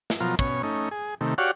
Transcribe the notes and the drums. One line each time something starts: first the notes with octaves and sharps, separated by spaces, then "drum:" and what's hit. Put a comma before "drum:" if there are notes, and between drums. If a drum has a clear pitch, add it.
drum: snare
B2 F3 F#3 F4 A#4
B2 C#4 C#5, drum: kick
A3 C#4 D#4
G#4
C3 D#3 A3
F#4 G4 C#5 D5 F5 F#5